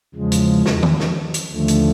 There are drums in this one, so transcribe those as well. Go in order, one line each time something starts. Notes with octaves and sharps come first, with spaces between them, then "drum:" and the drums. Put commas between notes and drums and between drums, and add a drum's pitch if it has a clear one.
E2 C#3 F3 G#3
drum: hi-hat
drum: snare
drum: tom D#3
drum: snare
drum: hi-hat
D#2 D3 F3 A3
drum: hi-hat